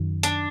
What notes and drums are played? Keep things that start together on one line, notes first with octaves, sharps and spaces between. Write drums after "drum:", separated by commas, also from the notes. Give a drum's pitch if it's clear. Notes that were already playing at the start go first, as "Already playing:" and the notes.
Already playing: F#2 D#3 F#3
D4, drum: hi-hat